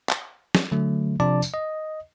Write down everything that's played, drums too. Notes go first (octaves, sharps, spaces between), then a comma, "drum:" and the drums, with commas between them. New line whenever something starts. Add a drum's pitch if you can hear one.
drum: clap
drum: snare
D3 F#3 A3
C3 F3 D4 D5 A5
drum: tambourine
D#5